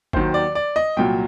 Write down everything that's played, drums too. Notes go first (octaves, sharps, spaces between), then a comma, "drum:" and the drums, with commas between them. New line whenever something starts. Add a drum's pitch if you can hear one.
D#2 D#3 F#3 C5, drum: kick G#1
D5
D5
D#5
C2 A#2 F#3 G5